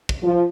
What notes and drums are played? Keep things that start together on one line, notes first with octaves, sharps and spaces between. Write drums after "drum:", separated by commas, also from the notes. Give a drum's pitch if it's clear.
drum: kick
F3